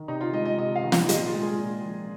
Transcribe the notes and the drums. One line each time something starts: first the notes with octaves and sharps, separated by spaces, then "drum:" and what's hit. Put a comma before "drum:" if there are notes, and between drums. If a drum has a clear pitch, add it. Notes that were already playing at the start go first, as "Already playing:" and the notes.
Already playing: D#3
C3 D#4
F4
G#3 D#5
D#5
C3 D#5
F5
D#3
F5, drum: snare
A#2 D#5, drum: hi-hat
F4
G#3
G#4
A#2
F3